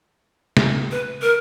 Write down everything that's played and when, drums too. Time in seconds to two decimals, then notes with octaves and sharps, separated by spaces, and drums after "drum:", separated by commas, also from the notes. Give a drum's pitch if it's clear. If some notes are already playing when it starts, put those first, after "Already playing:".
0.57 drum: snare
0.91 B4
1.22 A#4